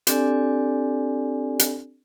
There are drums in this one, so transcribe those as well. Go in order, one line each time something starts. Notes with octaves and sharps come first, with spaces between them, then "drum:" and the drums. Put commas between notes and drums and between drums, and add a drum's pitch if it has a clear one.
C4 D4 G4 A4 D5 G#5, drum: hi-hat
drum: hi-hat